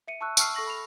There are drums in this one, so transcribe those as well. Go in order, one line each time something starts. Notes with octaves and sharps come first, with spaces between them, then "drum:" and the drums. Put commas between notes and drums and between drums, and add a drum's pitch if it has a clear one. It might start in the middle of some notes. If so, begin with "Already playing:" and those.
E5 C#7 D#7
A5 C#6 E6 F#6
G5 A5 C#6 E6 F6 C7, drum: tambourine
A4 C#6 A#6 F#7
B5 F7